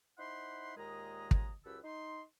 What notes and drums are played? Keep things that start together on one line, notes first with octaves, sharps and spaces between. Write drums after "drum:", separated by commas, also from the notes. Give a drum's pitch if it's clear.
D#4 E4 C5 F#5 B5 C6
D#2 A#2 G#3 G#4 D#5 A#5
drum: kick
C#2 F#2 G4 A4 B4 E6
D#4 C6